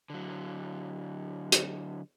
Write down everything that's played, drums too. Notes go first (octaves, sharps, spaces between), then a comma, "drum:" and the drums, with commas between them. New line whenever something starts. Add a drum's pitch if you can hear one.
D3 F#3
drum: hi-hat